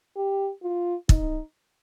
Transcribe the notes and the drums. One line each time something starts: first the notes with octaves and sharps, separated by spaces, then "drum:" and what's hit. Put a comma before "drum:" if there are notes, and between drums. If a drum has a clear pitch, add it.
G4
F4
D#4, drum: kick